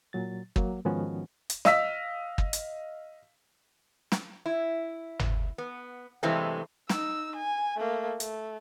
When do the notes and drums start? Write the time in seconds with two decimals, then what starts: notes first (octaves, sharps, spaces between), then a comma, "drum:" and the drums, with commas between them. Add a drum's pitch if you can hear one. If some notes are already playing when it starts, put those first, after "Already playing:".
0.13 A#2 F#3 A6
0.56 F#3 A#3, drum: kick
0.85 G#2 D#3 F3 B3 C#4 F#4
1.50 drum: hi-hat
1.65 D#5 F5 E6 B6, drum: snare
2.38 drum: kick
2.53 drum: hi-hat
4.12 drum: snare
4.46 E4
5.19 drum: tom
5.58 B3
6.23 G2 C3 E3 G#3 A3 C4
6.89 D#4 E6, drum: snare
7.36 G#5
7.77 A3 A#3
8.20 A3, drum: hi-hat